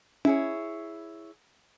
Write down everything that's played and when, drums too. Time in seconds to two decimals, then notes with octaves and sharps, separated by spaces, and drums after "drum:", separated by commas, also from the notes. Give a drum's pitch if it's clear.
0.25 E4 G#4 C#5, drum: tom C#4